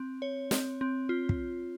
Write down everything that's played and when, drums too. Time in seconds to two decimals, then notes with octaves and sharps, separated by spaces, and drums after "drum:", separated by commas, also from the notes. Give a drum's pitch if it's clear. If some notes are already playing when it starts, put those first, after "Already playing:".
Already playing: C4
0.22 C#5
0.51 C4, drum: snare
0.81 C4
1.09 F4
1.29 drum: kick